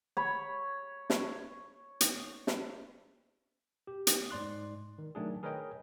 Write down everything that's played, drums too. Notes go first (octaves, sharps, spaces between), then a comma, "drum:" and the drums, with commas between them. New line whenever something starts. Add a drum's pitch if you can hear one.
C#5 B5
drum: snare
drum: hi-hat
drum: snare
G4
drum: hi-hat
G#2 D5 C6 F#6
D#3
D#3 F#3 A3 D4 G#4
G#4 A#4 B4 C#5 D#5 G5